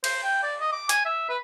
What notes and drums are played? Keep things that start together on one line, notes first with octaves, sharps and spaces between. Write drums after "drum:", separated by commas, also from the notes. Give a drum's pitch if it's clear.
C5, drum: cymbal
G5
D5
D#5
D6
G#5, drum: hi-hat
E5
B4